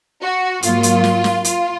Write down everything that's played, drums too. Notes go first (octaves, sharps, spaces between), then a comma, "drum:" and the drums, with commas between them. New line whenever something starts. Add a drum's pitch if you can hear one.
F#4
G#2 F#3 A#3 F4, drum: hi-hat
drum: hi-hat
drum: snare
drum: snare
F4, drum: hi-hat